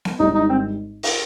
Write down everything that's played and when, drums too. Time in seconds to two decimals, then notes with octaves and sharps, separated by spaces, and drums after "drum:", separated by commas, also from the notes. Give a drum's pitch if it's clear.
0.05 drum: snare B3
0.20 G#1 G#2 G3 D4 D#4
0.35 D#4
0.50 C4
1.03 drum: open hi-hat